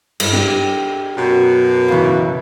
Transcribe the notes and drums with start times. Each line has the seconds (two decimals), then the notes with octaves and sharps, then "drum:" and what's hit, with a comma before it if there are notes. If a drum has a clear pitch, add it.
0.20 G2, drum: cymbal
0.33 D4 G4 D5
1.17 F#2 B2
1.88 C#3 E3